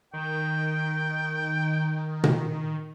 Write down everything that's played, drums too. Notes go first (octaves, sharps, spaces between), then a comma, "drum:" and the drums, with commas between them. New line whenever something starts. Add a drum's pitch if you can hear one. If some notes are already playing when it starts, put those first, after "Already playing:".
D#3 G5
drum: tom A#2